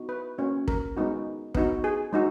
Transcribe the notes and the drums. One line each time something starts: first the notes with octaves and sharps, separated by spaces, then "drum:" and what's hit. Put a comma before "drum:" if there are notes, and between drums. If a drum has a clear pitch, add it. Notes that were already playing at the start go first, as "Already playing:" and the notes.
Already playing: B3 D#4 F#4
B4
A#3 C#4 F#4
A#4, drum: kick
G#3 B3 D#4 F#4
B3 D#4 F#4, drum: kick
G#4
G#3 D#4 F#4